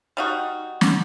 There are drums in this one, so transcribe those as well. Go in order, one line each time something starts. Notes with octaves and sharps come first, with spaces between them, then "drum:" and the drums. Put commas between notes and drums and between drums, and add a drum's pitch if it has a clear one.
G3 D#4 F#4
drum: snare